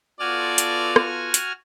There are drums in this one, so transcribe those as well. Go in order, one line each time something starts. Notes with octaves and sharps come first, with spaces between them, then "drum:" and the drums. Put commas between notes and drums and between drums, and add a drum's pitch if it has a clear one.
B3 F4 F#4 A4 D5 G#5 F6
drum: hi-hat
drum: rim click
drum: hi-hat